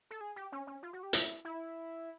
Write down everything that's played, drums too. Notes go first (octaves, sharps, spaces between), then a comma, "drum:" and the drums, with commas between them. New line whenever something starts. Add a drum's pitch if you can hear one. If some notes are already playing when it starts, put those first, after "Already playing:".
A4
G#4
G4
C#4
C#4
F4
F#4
G4
E4, drum: hi-hat
E4